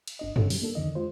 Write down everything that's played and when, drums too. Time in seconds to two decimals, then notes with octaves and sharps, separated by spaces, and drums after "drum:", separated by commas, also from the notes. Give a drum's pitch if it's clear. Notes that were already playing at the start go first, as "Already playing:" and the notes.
0.08 drum: cymbal
0.19 G1 D4 D#5
0.36 D3 C#4 A4, drum: tom F#2
0.50 F#3 G3, drum: open hi-hat
0.62 A#3 D4 A4
0.75 F2 D3 D#3 D4 D#5
0.95 G#3 F4 C5